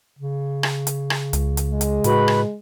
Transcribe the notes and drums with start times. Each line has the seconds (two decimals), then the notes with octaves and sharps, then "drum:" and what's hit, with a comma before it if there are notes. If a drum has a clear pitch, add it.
0.19 C#3
0.63 drum: rim click
0.87 drum: hi-hat
1.10 drum: rim click
1.33 C#2, drum: hi-hat
1.57 drum: hi-hat
1.71 G#3
1.81 drum: hi-hat
2.04 A2 F#4 B4 B5, drum: hi-hat
2.28 drum: rim click